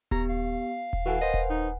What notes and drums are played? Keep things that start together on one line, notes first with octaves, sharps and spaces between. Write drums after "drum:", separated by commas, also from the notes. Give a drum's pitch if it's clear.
B3 G4 A#5, drum: kick D#1
F5
drum: kick D#1
E3 F#4 A4 B4 F#5 G#5
A#4 C5 D#5
drum: kick D#1
D#4